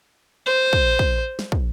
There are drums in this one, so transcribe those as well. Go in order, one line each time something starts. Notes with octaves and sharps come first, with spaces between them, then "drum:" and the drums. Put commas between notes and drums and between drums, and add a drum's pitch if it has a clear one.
C5
drum: kick
drum: kick
drum: snare
drum: kick